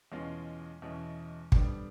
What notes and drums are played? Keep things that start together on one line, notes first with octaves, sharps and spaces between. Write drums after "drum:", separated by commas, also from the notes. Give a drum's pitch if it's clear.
E2 B2 G#3 C#4 F4
E2 B2 G#3 C#4 E4
F2 D3 G3 B3 D4, drum: kick